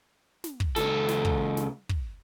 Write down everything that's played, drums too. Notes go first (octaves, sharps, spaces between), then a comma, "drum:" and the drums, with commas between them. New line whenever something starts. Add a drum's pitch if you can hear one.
drum: snare
drum: kick
C#2 A4, drum: snare
drum: snare
drum: kick
drum: snare
drum: kick